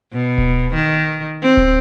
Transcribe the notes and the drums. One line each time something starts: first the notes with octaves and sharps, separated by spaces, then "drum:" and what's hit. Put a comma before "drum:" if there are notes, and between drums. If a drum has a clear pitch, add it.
B2
drum: kick D1
D#3
C4
drum: kick D1